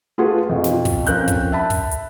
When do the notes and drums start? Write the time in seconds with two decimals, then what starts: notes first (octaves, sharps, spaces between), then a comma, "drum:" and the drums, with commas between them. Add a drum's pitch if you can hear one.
0.18 A3 F4 F#4 G#4 B4
0.49 F2 B2 F3
0.64 drum: snare
0.85 drum: kick, open hi-hat
1.06 F2 C#4 A#4 F5 F#6 G6, drum: hi-hat
1.28 drum: kick, hi-hat
1.52 E5 A5 B5
1.70 drum: kick, open hi-hat
1.91 drum: hi-hat